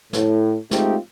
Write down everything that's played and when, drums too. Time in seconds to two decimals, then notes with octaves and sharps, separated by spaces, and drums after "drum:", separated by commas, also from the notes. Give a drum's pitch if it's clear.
0.13 A2, drum: snare
0.71 G#3 A3 C4 D#4 F4 G4, drum: snare